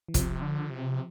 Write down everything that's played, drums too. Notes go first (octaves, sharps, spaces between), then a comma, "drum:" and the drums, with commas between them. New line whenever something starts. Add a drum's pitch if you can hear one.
E3
C3 F3, drum: kick, hi-hat
D3
C3